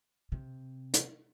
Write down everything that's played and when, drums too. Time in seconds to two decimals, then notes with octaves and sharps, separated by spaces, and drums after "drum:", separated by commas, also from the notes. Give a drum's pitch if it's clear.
0.32 C3
0.94 drum: hi-hat